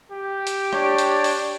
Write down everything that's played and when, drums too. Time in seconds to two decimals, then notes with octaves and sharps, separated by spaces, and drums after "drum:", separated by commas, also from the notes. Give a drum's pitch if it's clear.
0.12 G4
0.47 drum: hi-hat
0.73 D4 C#5 D5, drum: rim click
0.98 drum: hi-hat
1.24 drum: open hi-hat